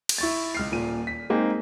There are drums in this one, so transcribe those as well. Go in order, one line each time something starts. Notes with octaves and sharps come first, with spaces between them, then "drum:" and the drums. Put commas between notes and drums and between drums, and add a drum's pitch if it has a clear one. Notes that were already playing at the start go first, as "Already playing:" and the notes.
drum: cymbal
E4 C#6 A6
C#2 F6 C7
D#1 A#2 D#7
B6
G#3 A#3 C4 D#4 G#4